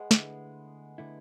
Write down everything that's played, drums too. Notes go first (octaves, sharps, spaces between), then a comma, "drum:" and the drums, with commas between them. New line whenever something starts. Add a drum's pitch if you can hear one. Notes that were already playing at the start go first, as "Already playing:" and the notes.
Already playing: G#3 B3
D3 A3 E4, drum: snare
D3 A3 E4